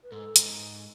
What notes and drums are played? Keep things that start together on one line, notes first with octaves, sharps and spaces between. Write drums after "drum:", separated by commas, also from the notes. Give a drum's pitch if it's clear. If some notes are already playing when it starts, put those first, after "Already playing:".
B4
G#2 A4
G#2, drum: hi-hat